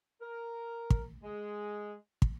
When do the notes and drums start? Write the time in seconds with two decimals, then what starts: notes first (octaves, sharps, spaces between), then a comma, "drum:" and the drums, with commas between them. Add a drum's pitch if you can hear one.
0.21 A#4
0.90 drum: kick
1.23 G#3
2.22 drum: kick